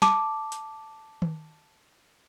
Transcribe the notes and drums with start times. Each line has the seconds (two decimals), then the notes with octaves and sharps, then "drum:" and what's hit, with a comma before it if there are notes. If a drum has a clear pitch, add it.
0.02 A5 D6, drum: snare
0.52 drum: hi-hat
1.22 drum: tom D#3